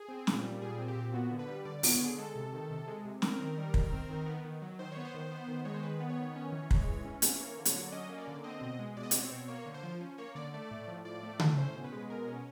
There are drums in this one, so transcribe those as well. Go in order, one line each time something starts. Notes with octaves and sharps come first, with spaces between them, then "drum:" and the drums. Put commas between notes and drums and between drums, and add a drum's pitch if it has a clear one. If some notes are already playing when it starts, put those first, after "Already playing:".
Already playing: G#4
C4
A#2, drum: snare
G3
A#2 G#4
C4
G4
A#2
B3 F#4
D3
B4
G3
D3 D5
D5
B3, drum: open hi-hat
C#5
D3 G#4
G#3 A4
C3
D#3
C3
G#3
C3
C4 A#4, drum: snare
D#3
G3
D#3, drum: kick
C4
D#3
B3
D#3
F#3
D#3 C5
C#5
B3
C5
D#3
B3
D#3
G#3 C#5
C5
D#3 B4
B3
C#5
D#3
C#4
E3
G#3, drum: kick
E3
C#4
E3, drum: hi-hat
A#3 C#5
D3
C#5, drum: hi-hat
F#3
D5
C#4 D#5
A#3
D5
D3
C4 D#5
B2
G#3
B2 D5
D#5
D5, drum: hi-hat
C4
C#5
B2
A#3 C#5
D3
C5
F3
C#4
A#3 C#5
D3 D5
A3 D5
A2
F3
A2 D5
A3
A2, drum: tom C#3
C#4 C5
B2
B4
G#3
B2 A#4
C#4